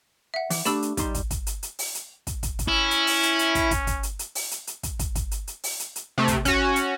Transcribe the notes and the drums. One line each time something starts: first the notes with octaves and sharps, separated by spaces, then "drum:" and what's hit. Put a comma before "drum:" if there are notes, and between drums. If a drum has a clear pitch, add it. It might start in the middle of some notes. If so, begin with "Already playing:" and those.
E5 F#5
E3, drum: open hi-hat
A3 D4 G4 B5 E6, drum: hi-hat
drum: hi-hat
G3 D#4 C6, drum: kick, hi-hat
drum: kick, hi-hat
drum: kick, hi-hat
drum: hi-hat
drum: hi-hat
drum: open hi-hat
drum: hi-hat
drum: kick, hi-hat
drum: kick, hi-hat
drum: kick, hi-hat
C#4 E4
drum: hi-hat
drum: open hi-hat
drum: hi-hat
drum: hi-hat
drum: kick, hi-hat
drum: kick, hi-hat
drum: kick, hi-hat
drum: hi-hat
drum: hi-hat
drum: open hi-hat
drum: hi-hat
drum: hi-hat
drum: kick, hi-hat
drum: kick, hi-hat
drum: kick, hi-hat
drum: hi-hat
drum: hi-hat
drum: open hi-hat
drum: hi-hat
drum: hi-hat
C3 A3
drum: kick, hi-hat
C#4 F#4, drum: kick, hi-hat
drum: hi-hat